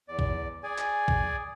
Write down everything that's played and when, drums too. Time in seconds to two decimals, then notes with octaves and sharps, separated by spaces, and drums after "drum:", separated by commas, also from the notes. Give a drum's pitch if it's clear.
0.08 E2 D5
0.19 drum: kick A#1
0.63 G#4 D5 G#5
0.78 drum: clap
1.08 drum: kick A#1